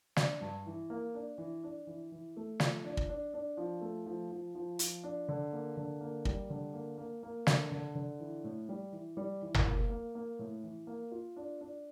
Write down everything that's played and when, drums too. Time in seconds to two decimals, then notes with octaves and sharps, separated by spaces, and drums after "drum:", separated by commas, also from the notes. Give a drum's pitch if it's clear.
0.16 D4, drum: snare
0.41 G2
0.66 E3
0.90 A#3
1.14 D4
1.38 E3
1.63 D4
1.87 E3
2.12 E3
2.36 A3
2.60 F3, drum: snare
2.85 D4
2.97 drum: kick
3.09 D4
3.34 D4
3.57 F3
3.81 A3
4.06 F3
4.31 F3
4.55 F3
4.79 F3, drum: hi-hat
5.04 D4
5.28 D3
5.53 A#3
5.77 D3
6.01 A#3
6.25 G3, drum: kick
6.50 D3
6.74 A#3
6.98 A#3
7.23 A#3
7.47 D3, drum: snare
7.72 D3
7.95 D3
8.20 E3
8.44 A2
8.69 G3
8.92 E3
9.17 G3
9.42 E3
9.54 drum: tom G1
9.66 A#3
9.90 A#3
10.15 A#3
10.39 A2
10.63 E3
10.87 A#3
11.11 F4
11.36 D4
11.61 D4